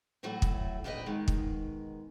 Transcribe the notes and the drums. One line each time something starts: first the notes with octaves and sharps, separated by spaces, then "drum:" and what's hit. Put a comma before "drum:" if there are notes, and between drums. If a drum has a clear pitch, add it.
A2 E3 F#3 A3 F#4
drum: kick
F2 A#2 D4 G4 B4 D#5
B2 D#3 G#3
drum: kick